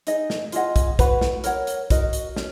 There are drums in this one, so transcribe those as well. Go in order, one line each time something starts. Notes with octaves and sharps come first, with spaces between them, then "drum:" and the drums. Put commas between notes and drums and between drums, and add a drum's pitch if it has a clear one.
D#4 G#4 D#5, drum: hi-hat
drum: snare
F4 G#4 D#5 F#5, drum: hi-hat
drum: kick, hi-hat
F#4 B4 F#5 B5, drum: kick, hi-hat
drum: snare
A#4 C#5 F#5, drum: hi-hat
drum: hi-hat
F#4 A#4 D#5, drum: kick, hi-hat
drum: hi-hat
C#4, drum: snare